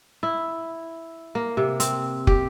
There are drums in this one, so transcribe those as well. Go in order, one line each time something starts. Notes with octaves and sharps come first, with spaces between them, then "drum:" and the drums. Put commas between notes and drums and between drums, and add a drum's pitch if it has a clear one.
E4
A#3
C3
C4, drum: hi-hat
G4, drum: kick